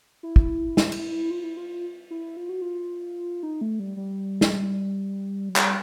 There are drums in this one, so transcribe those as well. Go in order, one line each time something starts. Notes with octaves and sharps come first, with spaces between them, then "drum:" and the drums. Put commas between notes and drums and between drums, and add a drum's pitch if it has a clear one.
E4
drum: kick
drum: snare
drum: cymbal
F4
E4
F4
E4
F4
F#4
F4
D#4
A3
G3
G3
drum: snare
F#3
G3, drum: clap